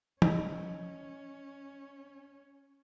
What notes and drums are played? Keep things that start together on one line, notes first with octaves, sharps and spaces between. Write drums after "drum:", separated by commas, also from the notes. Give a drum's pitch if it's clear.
C#4 D#5, drum: tom